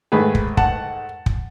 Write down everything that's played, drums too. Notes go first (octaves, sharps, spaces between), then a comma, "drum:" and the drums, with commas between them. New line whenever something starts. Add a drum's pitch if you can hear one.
G#2 D#3 A3 G#4 B4
drum: kick
F#5 A5, drum: kick
drum: kick